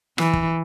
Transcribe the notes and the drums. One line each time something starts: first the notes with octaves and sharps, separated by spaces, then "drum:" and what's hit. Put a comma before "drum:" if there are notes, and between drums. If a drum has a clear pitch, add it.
E3, drum: rim click
drum: kick